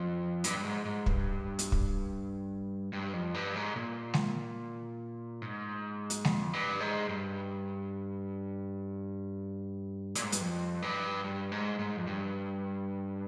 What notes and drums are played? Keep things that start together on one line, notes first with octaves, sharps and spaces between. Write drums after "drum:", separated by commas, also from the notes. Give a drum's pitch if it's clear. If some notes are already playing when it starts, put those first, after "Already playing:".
Already playing: F2
G2, drum: hi-hat
G2
G#2
G#2
G2, drum: kick
drum: hi-hat
drum: kick
G2
F2
G2
G#2
A#2
drum: snare G#3
G#2
drum: hi-hat
F2, drum: snare G#3
G2
G#2
G2
A#2, drum: hi-hat
G#2
G2, drum: hi-hat
F2
G2
G2
G#2
G#2
F2
G2